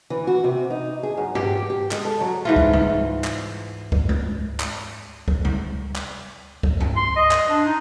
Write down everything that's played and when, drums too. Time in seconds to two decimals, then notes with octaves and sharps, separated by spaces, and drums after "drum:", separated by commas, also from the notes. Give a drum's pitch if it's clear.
0.10 E3
0.27 F#4
0.44 C3
0.70 D#4
1.03 G#4
1.17 F#2
1.35 G4, drum: tom G2
1.70 G4
1.91 G#3, drum: clap
2.05 A4
2.20 F#3
2.45 G#2 E3 F4
2.56 drum: kick C#2
2.73 drum: tom C3
3.24 drum: clap
3.92 drum: kick C#2
4.09 drum: tom G#3
4.60 drum: clap
5.28 drum: kick C#2
5.45 drum: tom C3
5.96 drum: clap
6.63 drum: kick C#2
6.80 drum: tom G2
6.97 C6
7.16 D#5
7.31 drum: clap
7.49 D4
7.65 D#4